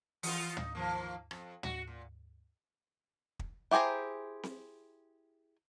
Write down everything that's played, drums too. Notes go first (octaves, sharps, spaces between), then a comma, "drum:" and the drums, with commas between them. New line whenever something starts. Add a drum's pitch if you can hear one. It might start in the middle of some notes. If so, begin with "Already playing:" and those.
E3 F4, drum: open hi-hat
D#4, drum: tom
D#3 F3 A#3
F2, drum: rim click
F#4, drum: tom
A#2
drum: kick
E4 G4 G#4 C5 A#5
drum: snare C4